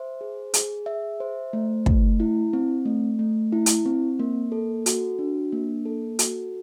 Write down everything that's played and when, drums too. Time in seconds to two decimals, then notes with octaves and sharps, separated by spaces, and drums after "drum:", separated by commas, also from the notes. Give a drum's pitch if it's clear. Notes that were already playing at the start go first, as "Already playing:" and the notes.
Already playing: C5 E5
0.21 G#4
0.54 G#4, drum: hi-hat
0.86 E5
1.20 C5
1.53 A3
1.86 A3, drum: kick
2.20 E4
2.53 C4
2.86 A3
3.19 A3
3.52 E4
3.66 drum: hi-hat
3.86 C4
4.19 A#3
4.52 A4
4.86 F#4, drum: hi-hat
5.19 D4
5.52 A#3
5.85 A4
6.19 F#4, drum: hi-hat